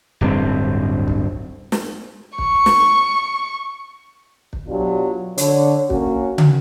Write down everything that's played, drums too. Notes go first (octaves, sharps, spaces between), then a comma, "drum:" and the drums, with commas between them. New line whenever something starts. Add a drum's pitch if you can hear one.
D1 G2 C4
drum: kick
drum: snare
C#6, drum: kick
drum: snare
drum: kick
B2 F#3 D4 F4 G4
D3 C#5, drum: hi-hat
A#3 C#4 F#4, drum: kick
drum: tom